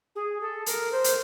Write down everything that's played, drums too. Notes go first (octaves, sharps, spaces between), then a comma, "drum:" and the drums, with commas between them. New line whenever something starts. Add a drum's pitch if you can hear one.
G#4
A4
A#4, drum: hi-hat
C5
drum: hi-hat